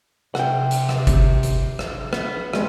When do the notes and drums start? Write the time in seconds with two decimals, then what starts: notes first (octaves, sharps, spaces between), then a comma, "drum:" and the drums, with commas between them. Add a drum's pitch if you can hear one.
0.35 C3 F#5 G5, drum: rim click
0.71 drum: hi-hat
0.89 drum: rim click
1.07 drum: kick G1, hi-hat
1.43 drum: hi-hat
1.79 drum: rim click
2.13 B3, drum: rim click
2.53 G3 G#3, drum: rim click